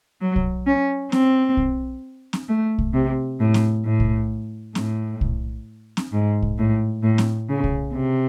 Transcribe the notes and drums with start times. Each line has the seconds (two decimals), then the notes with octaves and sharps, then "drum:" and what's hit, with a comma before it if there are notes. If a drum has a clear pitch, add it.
0.21 F#3
0.36 drum: kick
0.66 C#4
1.12 C4, drum: snare C4
1.57 drum: kick
2.33 drum: snare C4
2.48 A3
2.78 drum: kick
2.94 C3
3.40 A2
3.54 drum: snare C4
3.85 A2
4.00 drum: kick
4.75 A2, drum: snare C4
5.21 drum: kick
5.97 drum: snare C4
6.12 G#2
6.42 drum: kick
6.58 A2
7.03 A2
7.18 drum: snare C4
7.49 C#3
7.64 drum: kick
7.93 C3